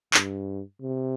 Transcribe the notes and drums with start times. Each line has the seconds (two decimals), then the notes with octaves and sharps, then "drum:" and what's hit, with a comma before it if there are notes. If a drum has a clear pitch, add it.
0.14 G2, drum: clap
0.82 C3